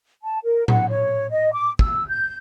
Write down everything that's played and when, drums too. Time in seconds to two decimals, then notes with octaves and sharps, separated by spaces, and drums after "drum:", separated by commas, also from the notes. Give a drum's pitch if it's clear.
0.23 A5
0.44 A#4
0.68 F#5, drum: tom A2
0.89 C#5
1.30 D#5
1.53 D6
1.79 E6, drum: kick
2.08 G6